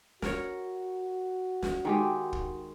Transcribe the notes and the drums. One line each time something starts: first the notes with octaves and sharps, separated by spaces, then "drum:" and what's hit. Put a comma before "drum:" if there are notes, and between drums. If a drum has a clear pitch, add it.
F#4 A#4 C#5, drum: snare
drum: snare
D#3 G#3 G4
drum: kick